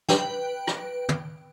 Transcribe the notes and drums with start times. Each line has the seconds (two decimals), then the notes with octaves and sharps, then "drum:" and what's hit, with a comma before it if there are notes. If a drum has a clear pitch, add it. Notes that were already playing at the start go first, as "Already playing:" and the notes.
0.09 B4 G5, drum: snare
0.67 drum: rim click
1.09 drum: tom